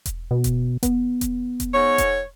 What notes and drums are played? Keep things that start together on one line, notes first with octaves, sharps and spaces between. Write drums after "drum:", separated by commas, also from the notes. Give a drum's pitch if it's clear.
drum: kick E1, hi-hat
B2
drum: kick E1, hi-hat
B3, drum: kick E1, hi-hat
drum: kick E1, hi-hat
drum: kick E1, hi-hat
G#2 C#5
drum: kick E1, hi-hat